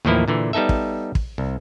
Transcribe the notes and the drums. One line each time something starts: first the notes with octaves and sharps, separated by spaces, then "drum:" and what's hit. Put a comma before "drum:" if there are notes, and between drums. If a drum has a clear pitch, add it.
D#2 A2 E3 F3 A#3 E4
A#2 D3 E3
G3 B3 D#4 A4 E5
drum: kick
drum: kick
C2